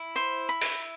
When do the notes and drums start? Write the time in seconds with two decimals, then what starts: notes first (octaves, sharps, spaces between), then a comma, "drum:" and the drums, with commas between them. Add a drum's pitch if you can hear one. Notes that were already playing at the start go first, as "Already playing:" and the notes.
Already playing: E4
0.16 C5
0.49 B5
0.61 drum: open hi-hat